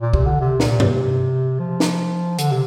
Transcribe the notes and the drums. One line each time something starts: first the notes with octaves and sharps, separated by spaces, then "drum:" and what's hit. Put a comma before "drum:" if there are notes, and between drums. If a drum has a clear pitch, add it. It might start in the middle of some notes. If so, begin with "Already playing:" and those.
A#2
C3, drum: kick
D3
C3
A#2, drum: snare
C3, drum: tom G2
F3
drum: snare
D3, drum: hi-hat
C3